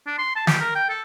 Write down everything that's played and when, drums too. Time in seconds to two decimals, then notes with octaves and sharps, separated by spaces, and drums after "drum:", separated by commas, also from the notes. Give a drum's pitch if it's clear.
0.06 D4
0.18 C6
0.36 A5
0.47 G4, drum: snare
0.60 A#4
0.75 G5
0.89 A4